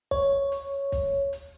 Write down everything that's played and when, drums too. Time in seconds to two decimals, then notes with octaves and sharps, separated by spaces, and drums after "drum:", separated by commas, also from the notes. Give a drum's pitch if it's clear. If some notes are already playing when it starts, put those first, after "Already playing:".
0.11 C#5, drum: kick
0.52 drum: hi-hat
0.92 drum: kick, hi-hat
1.33 drum: hi-hat